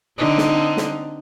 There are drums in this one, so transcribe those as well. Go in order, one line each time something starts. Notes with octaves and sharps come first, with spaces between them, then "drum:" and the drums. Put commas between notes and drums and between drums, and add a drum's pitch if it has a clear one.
D3 C4 D#4
drum: snare
drum: snare